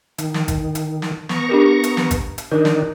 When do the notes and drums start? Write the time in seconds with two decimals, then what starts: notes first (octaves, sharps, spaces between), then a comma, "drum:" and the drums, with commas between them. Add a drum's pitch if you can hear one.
0.18 D#3, drum: hi-hat
0.34 drum: snare
0.48 drum: kick G#1, hi-hat
0.75 drum: hi-hat
1.02 drum: snare
1.29 B3 A#5 C#6, drum: snare
1.49 D4 G4 A#4
1.84 drum: hi-hat
1.97 drum: snare
2.11 drum: kick G#1, hi-hat
2.38 drum: hi-hat
2.52 D#3 D4 D#4 A#4
2.65 drum: snare